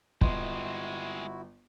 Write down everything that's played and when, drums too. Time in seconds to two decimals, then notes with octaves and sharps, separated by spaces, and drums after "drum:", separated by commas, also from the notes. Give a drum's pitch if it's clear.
0.21 G1 G#3 C4 E4 F#4 D#5 C6, drum: kick